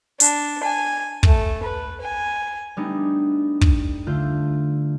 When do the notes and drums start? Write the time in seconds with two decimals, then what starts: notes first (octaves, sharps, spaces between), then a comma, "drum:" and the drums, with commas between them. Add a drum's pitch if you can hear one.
0.20 D4, drum: hi-hat
0.63 G#5
1.23 A3, drum: kick
1.63 B4
2.01 G#5
2.77 G3 A3 B3 D4 D#4
3.61 drum: kick
4.07 D3 A3 F4 G6